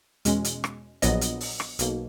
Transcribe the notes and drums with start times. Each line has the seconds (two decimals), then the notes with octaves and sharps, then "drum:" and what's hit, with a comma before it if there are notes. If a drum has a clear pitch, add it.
0.25 E2 B2 G#3 C#4, drum: hi-hat
0.44 drum: hi-hat
0.64 drum: rim click
1.02 A#1 A#2 F#3 B3 D#5, drum: hi-hat
1.21 drum: hi-hat
1.41 drum: open hi-hat
1.60 drum: rim click
1.79 B1 B2 A#3, drum: hi-hat